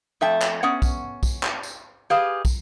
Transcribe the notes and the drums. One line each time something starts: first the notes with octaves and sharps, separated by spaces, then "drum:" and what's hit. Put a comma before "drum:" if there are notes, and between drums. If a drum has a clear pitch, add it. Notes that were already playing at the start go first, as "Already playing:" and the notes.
F2 A3 E5 G5 A5
drum: clap
B3 C#4 F#5
drum: kick, tambourine
drum: kick, tambourine
drum: clap
drum: tambourine
G4 G#4 B4 D#5 F5
drum: kick, tambourine